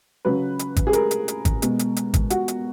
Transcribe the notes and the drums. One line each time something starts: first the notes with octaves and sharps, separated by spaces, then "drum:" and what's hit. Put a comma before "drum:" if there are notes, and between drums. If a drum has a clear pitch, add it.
C#3 F#3 B4
drum: hi-hat
drum: kick G#1, hi-hat
G#4
A#4, drum: hi-hat
drum: hi-hat
drum: hi-hat
drum: kick G#1, hi-hat
B2 G#3, drum: hi-hat
drum: hi-hat
drum: hi-hat
drum: kick G#1, hi-hat
F#4, drum: hi-hat
drum: hi-hat